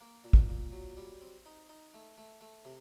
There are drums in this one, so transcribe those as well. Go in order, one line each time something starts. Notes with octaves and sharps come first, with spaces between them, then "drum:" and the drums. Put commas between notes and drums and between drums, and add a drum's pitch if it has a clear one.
A#3
A#2
drum: kick
A#2
F#3
G3
C4
D#4
D#4
A3
A3
A3
C3